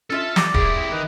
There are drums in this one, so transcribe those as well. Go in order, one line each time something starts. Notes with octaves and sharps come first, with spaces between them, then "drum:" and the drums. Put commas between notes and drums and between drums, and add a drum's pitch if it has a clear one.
C#4 F4 A4 E5
G4 D5, drum: snare
E4 G4 G#4, drum: kick D1
D#3 B4